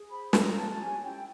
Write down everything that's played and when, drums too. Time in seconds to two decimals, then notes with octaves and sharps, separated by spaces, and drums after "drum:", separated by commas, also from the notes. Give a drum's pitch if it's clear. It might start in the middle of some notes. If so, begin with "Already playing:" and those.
Already playing: G#4
0.10 C5 B5
0.33 F4 A#5, drum: snare
0.57 C#4 A5
0.80 G4 G#5
1.03 E4 G5